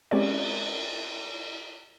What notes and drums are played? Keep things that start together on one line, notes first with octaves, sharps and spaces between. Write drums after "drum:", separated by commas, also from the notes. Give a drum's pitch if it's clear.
G#3 C4 C#4 G4 C#5 D5, drum: cymbal